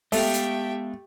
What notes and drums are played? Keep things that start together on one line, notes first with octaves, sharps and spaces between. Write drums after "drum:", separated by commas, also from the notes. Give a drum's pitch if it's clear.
G#3 A3 B3 G4 E5 F5 G5, drum: open hi-hat
drum: hi-hat